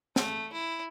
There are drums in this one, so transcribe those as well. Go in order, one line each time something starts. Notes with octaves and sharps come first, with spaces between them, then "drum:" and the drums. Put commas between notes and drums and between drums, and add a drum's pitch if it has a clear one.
A3, drum: snare
E4